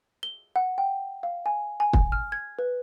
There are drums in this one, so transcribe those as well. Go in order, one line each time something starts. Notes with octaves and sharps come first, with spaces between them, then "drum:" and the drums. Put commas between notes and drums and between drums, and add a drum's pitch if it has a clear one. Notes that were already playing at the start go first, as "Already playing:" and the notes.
G7
F#5
G5
F5
G#5
G#5
drum: kick
F6
G#6
B4